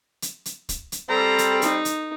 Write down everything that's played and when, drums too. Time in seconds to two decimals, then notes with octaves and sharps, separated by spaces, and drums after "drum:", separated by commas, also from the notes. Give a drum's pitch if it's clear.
0.22 drum: hi-hat
0.45 drum: hi-hat
0.69 drum: kick, hi-hat
0.92 drum: hi-hat
1.09 G3 C4 A4 A#5
1.38 drum: hi-hat
1.62 D#4, drum: hi-hat
1.85 drum: hi-hat